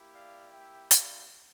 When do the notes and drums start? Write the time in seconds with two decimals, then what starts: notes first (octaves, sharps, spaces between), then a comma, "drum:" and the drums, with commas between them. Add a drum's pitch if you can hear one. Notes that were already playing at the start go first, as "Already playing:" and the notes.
Already playing: A#3 E4 G4
0.15 D5 F5
0.53 E5 G5
0.91 D5 F5, drum: hi-hat